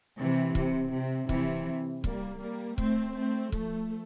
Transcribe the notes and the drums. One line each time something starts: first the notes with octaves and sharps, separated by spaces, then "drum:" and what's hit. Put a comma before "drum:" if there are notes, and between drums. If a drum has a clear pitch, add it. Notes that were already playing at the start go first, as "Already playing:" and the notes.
C3 E3
C3, drum: kick
C3
C3 E3, drum: kick
G3 A#3, drum: kick
G3 A#3
A3 C4, drum: kick
A3 C4
F3 A3, drum: kick